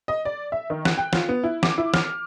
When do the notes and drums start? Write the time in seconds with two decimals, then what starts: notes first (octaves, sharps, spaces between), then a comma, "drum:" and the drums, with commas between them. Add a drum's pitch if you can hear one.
0.08 D#5
0.25 D5
0.52 E5
0.70 D#3
0.85 F#6, drum: snare
0.98 G5
1.13 F4, drum: snare
1.29 B3
1.44 E4
1.63 D6, drum: snare
1.78 E4
1.94 F6, drum: snare